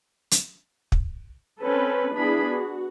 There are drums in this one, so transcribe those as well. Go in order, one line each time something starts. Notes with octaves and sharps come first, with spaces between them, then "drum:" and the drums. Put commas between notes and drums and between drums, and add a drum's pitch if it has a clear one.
drum: hi-hat
drum: kick
C4 C#4 A4 B4
B3 D4 E4 G#4 B5
F#4